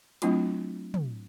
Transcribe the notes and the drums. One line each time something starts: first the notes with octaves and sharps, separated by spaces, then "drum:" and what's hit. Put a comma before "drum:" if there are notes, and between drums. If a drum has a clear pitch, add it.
F#3 A3 C4 D4 E4 F4, drum: hi-hat
drum: tom